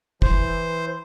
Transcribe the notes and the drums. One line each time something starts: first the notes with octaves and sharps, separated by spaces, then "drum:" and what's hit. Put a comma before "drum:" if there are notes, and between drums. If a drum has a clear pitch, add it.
E3 C5, drum: kick